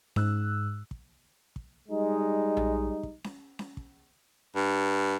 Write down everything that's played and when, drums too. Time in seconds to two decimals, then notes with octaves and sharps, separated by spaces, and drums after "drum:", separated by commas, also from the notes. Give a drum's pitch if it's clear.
0.16 G#2 E6 F#6, drum: snare C#4
0.91 drum: kick
1.56 drum: kick
1.89 G3 G#3 D#4
2.57 drum: tom A#1
3.03 drum: kick
3.24 drum: snare C#4
3.59 drum: snare C#4
3.77 drum: kick
4.56 G2